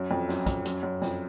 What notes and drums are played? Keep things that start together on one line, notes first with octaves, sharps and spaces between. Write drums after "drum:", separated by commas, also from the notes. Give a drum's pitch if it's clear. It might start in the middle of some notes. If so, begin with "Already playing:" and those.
Already playing: F#2
F2
F#2, drum: snare
F2, drum: kick, hi-hat
F#2, drum: hi-hat
F#2
F2, drum: snare